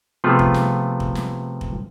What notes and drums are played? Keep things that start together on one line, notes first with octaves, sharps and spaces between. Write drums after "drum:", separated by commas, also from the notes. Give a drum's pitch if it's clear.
C3 F3 A3 B3 F4 G#4
drum: kick
drum: snare
drum: kick
drum: snare
drum: kick